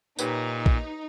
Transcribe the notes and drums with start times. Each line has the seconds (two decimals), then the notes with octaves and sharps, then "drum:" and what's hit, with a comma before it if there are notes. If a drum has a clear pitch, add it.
0.19 A#2 D#4 G4 B4 C#5, drum: tambourine
0.66 drum: kick